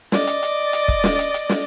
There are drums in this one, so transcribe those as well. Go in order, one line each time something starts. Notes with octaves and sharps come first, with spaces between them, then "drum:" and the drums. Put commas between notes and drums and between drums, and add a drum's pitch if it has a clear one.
D5 D#5, drum: snare
drum: hi-hat
drum: hi-hat
drum: hi-hat
drum: kick
drum: snare
drum: hi-hat
drum: hi-hat
drum: snare